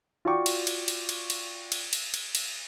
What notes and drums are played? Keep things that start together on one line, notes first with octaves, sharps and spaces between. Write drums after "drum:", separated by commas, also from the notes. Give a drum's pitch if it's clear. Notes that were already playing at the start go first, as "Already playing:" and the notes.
F4 F#4 D5 G5 C#6 D6
drum: cymbal
drum: cymbal
drum: cymbal
drum: cymbal
drum: cymbal
drum: cymbal
drum: cymbal
drum: cymbal
drum: cymbal